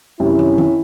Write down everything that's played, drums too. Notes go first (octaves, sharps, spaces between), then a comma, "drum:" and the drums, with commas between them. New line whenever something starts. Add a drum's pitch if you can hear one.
F#2 C3 D#3 C#4 E4
drum: tom
drum: tom D#3